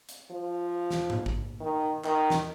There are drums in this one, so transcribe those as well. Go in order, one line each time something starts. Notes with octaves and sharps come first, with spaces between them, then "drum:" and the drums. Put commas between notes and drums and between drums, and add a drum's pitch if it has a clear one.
drum: hi-hat
F3
drum: snare
drum: tom G#2
drum: kick
D#3
D#3, drum: clap
drum: snare